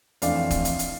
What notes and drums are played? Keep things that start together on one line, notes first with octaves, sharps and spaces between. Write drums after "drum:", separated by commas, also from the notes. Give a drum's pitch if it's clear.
F2 E3 A3 D4 D5 F5, drum: hi-hat
drum: kick, hi-hat
drum: hi-hat
drum: hi-hat